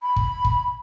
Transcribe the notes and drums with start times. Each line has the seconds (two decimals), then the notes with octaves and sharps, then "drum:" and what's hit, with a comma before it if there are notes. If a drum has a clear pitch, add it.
0.02 B5
0.16 drum: kick
0.45 drum: kick